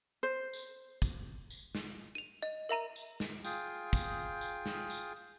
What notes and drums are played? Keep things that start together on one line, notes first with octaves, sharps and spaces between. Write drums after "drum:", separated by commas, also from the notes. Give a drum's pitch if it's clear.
C5
drum: tambourine
drum: kick, tambourine
drum: tambourine
drum: snare
D#7 F7
D#5
A#4 E5 A#5 D#7
drum: tambourine
drum: snare
F4 G#4 G5, drum: tambourine
drum: kick, tambourine
drum: tambourine
drum: snare
drum: tambourine